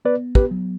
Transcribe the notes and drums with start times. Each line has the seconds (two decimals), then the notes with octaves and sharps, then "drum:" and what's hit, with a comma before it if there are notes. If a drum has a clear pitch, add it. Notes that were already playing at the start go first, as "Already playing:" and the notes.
0.05 B3 B4 D5
0.35 G4 B4, drum: kick
0.51 F#3